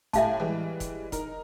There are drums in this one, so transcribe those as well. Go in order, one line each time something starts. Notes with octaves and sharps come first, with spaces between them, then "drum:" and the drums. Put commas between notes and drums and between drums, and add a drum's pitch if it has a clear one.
A2 G4 E5 F5 G#5 A5, drum: kick F1, hi-hat
E3 G3 G#3
drum: kick F1, hi-hat
D#4 A#4, drum: kick F1, hi-hat